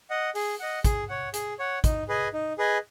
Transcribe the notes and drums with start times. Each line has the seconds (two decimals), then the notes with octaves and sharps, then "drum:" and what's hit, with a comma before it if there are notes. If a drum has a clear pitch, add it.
0.10 D#5 F#5
0.35 G#4, drum: open hi-hat
0.60 D#5 F#5
0.84 G#4, drum: kick, hi-hat
1.09 C#5 F#5
1.34 G#4, drum: hi-hat
1.59 C#5 F#5
1.84 D#4, drum: kick, hi-hat
2.08 G#4 B4 D#5 G#5
2.33 D#4
2.58 G#4 B4 D#5 G#5